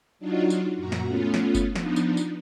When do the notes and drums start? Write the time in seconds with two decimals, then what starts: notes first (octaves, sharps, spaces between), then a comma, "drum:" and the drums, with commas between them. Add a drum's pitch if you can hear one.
0.19 F#3 D4 D#4 F4 F#4
0.50 drum: tambourine
0.75 F#2 A#2 F#4 A#5
0.92 drum: snare
1.06 A3 B3 C#4 F4
1.34 drum: snare
1.55 drum: kick F#1, tambourine
1.75 F3 B3 D4 D#4, drum: snare
1.96 drum: tambourine
2.17 drum: tambourine